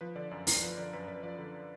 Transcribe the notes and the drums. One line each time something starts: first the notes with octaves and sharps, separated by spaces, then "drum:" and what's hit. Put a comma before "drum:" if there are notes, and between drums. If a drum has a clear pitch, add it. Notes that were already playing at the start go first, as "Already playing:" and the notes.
F3 B4
D3 D5
F#2 D5
F#2 A#4, drum: open hi-hat
F3 B4
D3 D5
F#2 B4
F#2 B4
F3 D5
D3